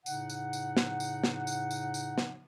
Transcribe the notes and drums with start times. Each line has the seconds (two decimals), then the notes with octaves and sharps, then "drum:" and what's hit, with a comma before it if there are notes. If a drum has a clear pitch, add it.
0.06 A2 C#3 D#4 F#5, drum: tambourine
0.30 drum: tambourine
0.53 drum: tambourine
0.77 drum: snare
1.00 drum: tambourine
1.24 drum: snare
1.47 drum: tambourine
1.71 drum: tambourine
1.94 drum: tambourine
2.18 drum: snare